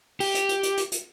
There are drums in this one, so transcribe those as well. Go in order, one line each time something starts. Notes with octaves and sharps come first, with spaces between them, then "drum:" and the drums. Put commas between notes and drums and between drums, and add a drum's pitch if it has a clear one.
G4, drum: open hi-hat
drum: hi-hat
drum: hi-hat
drum: hi-hat
drum: hi-hat
drum: hi-hat